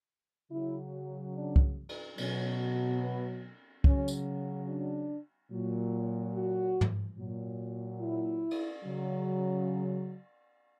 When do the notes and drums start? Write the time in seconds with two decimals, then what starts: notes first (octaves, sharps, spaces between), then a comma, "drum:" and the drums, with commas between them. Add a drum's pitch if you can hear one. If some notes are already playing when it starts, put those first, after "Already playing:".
0.51 C#3 F#3 E4
1.35 D4
1.56 drum: kick C2
1.89 drum: cymbal
2.18 B2 F#3 C#4, drum: cymbal
3.01 B3
3.84 C#3 F#3 C#4, drum: kick C2
4.08 drum: tambourine
4.68 D4
5.51 A#2 F#3
6.34 F#4
6.81 drum: tom
7.17 A#2 F#3
8.00 E4
8.51 drum: cymbal
8.84 C#3 F#3